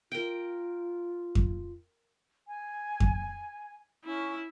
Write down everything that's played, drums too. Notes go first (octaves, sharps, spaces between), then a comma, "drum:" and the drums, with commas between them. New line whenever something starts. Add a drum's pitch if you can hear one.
F4 A#4 G5
drum: kick F2
G#5
drum: kick F2
C#4 E4